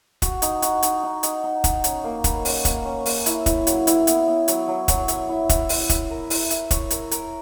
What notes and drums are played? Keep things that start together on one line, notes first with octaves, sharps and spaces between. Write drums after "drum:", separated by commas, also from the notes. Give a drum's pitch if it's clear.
F#4, drum: kick, hi-hat
D#4, drum: hi-hat
F#4, drum: hi-hat
D#4, drum: hi-hat
D#4
D#4, drum: hi-hat
D#4
D#4, drum: kick, hi-hat
C#4, drum: hi-hat
A#3
B4, drum: kick, hi-hat
C#4, drum: open hi-hat
A#3, drum: kick, hi-hat
C#4
A#3, drum: open hi-hat
E4, drum: hi-hat
E4, drum: kick, hi-hat
F#3, drum: hi-hat
E4, drum: hi-hat
B3, drum: hi-hat
B3
F#3, drum: hi-hat
F#3
F#3, drum: kick, hi-hat
E5, drum: hi-hat
E4
E4, drum: kick, hi-hat
E5, drum: open hi-hat
E5, drum: kick, hi-hat
A#4
E4, drum: open hi-hat
E5, drum: hi-hat
C#5, drum: kick, hi-hat
A#4, drum: hi-hat
A#4, drum: hi-hat